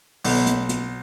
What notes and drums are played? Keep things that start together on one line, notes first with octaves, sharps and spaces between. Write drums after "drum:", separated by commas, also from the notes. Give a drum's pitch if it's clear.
B1, drum: open hi-hat
drum: hi-hat
drum: hi-hat